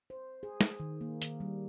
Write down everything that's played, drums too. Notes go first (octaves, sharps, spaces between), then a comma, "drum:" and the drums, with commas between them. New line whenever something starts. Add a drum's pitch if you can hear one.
C5
G#4
drum: snare
D#3
A#3
D#3, drum: hi-hat
G3